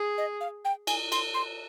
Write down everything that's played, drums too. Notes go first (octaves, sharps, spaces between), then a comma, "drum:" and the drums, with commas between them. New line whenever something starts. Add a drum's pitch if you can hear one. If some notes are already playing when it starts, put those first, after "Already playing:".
Already playing: G#4
D#5
F5
G5
G#5, drum: cymbal
C6, drum: cymbal
C6